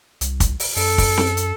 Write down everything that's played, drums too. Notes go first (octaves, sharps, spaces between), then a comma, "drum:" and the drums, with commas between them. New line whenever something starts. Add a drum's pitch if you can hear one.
C2, drum: hi-hat
drum: kick, hi-hat
drum: open hi-hat
F#2 A4, drum: open hi-hat
drum: kick, open hi-hat
drum: snare C4
drum: hi-hat